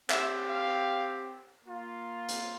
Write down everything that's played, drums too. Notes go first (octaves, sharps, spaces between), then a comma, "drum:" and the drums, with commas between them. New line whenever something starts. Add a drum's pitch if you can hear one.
C4 G4 E5, drum: clap
F5
A#3 F4
drum: hi-hat